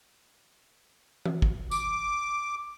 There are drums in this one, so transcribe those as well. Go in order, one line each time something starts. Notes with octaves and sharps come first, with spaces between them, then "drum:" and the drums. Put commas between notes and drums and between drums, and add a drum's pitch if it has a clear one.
drum: tom E3
drum: kick
D6, drum: tambourine